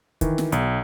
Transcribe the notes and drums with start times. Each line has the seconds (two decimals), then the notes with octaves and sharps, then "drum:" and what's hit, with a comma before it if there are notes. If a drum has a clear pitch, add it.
0.21 D#3 E3, drum: kick, hi-hat
0.38 drum: snare
0.52 B1, drum: hi-hat